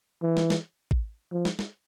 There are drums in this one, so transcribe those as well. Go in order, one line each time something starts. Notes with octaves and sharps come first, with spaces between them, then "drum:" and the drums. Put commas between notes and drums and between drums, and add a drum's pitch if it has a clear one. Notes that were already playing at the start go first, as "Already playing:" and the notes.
E3
drum: snare
drum: snare
drum: kick
F3
drum: snare
drum: snare